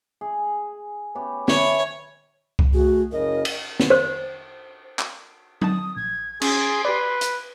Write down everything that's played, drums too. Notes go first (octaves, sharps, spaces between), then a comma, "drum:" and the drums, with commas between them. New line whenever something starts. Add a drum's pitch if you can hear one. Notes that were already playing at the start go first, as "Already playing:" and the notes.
G#4
B3 C#4 G4
C#5 E5 A5 B5, drum: snare
drum: kick C2
A3 F#4 G#4
F#1 C#3 A#4 D#5
drum: cymbal
drum: snare
C5
drum: clap
D#4 A5 D#6, drum: tom F#3
A#1 G#6
C#4 G#4 C6, drum: cymbal
G4 B4 D5
drum: hi-hat